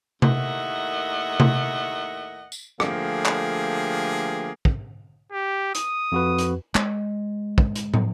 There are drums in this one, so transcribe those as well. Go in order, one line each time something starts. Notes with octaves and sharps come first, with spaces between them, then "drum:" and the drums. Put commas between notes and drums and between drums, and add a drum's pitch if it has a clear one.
D#2 A2 A#3 D#5 E5 F#5, drum: tom C3
drum: tom C3
drum: tambourine
D3 F3 A3 A#3 G4 G#4, drum: rim click
drum: clap
drum: kick
G4
D#6, drum: hi-hat
F2 F#4 B4
drum: hi-hat
G#3, drum: clap
drum: kick
drum: hi-hat
drum: tom